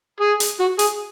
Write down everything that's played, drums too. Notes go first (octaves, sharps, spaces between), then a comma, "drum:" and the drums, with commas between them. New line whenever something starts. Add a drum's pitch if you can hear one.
G#4
drum: hi-hat
F#4
G#4, drum: hi-hat